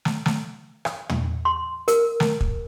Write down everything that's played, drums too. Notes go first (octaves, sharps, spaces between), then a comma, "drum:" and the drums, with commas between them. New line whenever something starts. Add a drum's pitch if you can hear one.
drum: snare
drum: snare
drum: rim click
drum: tom
C6
A#4, drum: hi-hat
drum: snare
drum: kick